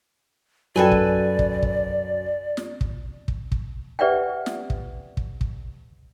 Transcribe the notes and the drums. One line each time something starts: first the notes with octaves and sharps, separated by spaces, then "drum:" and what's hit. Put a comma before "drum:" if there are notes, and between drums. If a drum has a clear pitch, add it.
F#2 F#4 A4 B4 D5 G5 G#5
drum: kick
drum: kick
drum: kick
drum: snare
drum: kick
drum: kick
drum: kick
G4 B4 D5 E5 F#5 G5
drum: snare
drum: kick
drum: kick
drum: kick